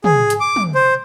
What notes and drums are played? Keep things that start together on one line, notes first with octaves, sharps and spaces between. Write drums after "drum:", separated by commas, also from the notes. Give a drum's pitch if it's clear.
G#4, drum: tom
drum: hi-hat
D6
drum: tom
C5